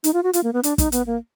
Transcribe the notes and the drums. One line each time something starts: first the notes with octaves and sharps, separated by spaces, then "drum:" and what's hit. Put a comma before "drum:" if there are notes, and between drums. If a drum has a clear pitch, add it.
D#4, drum: hi-hat
F4
F#4
F4, drum: hi-hat
A#3
B3
D4, drum: hi-hat
D#4, drum: kick, hi-hat
B3, drum: hi-hat
A#3